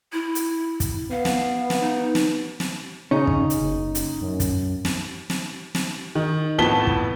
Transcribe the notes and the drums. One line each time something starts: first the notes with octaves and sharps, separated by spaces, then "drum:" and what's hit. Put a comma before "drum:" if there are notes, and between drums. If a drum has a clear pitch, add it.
E4
drum: hi-hat
drum: kick, hi-hat
B3 F5
drum: snare
drum: snare
D#4
drum: snare
drum: snare
C#3 C#4 D#4
drum: kick
drum: hi-hat
F#1
drum: hi-hat
F#2
drum: kick, hi-hat
drum: snare
drum: snare
drum: snare
D#3
F2 A2 B3 A5 B6 G7
drum: kick